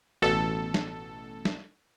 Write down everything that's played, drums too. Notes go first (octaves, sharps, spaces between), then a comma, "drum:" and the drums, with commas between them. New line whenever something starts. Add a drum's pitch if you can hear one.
A1 B2 A4
drum: snare
drum: snare